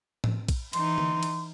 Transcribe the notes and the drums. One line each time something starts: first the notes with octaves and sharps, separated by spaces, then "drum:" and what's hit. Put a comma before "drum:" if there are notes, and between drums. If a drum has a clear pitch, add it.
drum: tom A2
drum: kick A#1, cymbal
E3 D#4 C6, drum: cymbal
drum: tom D3
drum: cymbal